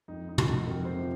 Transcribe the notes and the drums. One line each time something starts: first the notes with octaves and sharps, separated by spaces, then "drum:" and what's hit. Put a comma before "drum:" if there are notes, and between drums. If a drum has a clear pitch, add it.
F2 D#4
D#4
C3 F3, drum: tom
F#4
F2 A#4
C5
C3 F3